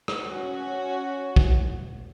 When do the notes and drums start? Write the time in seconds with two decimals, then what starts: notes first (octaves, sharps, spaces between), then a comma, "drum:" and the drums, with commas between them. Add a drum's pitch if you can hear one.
0.08 drum: rim click
0.23 C#4 F#4
1.36 drum: kick